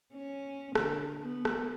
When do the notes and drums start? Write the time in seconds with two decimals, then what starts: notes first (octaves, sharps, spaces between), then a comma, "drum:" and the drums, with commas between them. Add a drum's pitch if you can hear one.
0.13 C#4
0.75 D3, drum: rim click
1.22 B3
1.45 drum: rim click